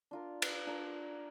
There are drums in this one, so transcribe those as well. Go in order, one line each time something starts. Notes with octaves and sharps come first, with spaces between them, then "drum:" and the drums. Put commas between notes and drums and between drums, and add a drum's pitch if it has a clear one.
D4 F4 A#4
drum: cymbal
D4 F4 A#4